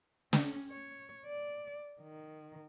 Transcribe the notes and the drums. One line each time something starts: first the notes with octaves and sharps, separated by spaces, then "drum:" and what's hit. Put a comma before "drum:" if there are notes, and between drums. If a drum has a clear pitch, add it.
C#4, drum: snare
C#5
D5
D#3